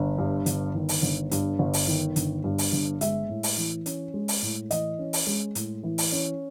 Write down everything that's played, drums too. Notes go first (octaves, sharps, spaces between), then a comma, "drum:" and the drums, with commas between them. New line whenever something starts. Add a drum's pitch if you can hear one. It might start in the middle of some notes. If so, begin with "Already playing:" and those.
Already playing: G1
G2
G1, drum: hi-hat
D#3
drum: open hi-hat
G1
G2, drum: hi-hat
G1
drum: open hi-hat
D#3
G1, drum: hi-hat
G2
drum: open hi-hat
G1
G#3 E5, drum: hi-hat
A2
drum: open hi-hat
E3
C#4, drum: hi-hat
G#3
drum: open hi-hat
A2
E3 D#5, drum: hi-hat
C#4
drum: open hi-hat
G#3
A2, drum: hi-hat
E3
drum: open hi-hat
C#4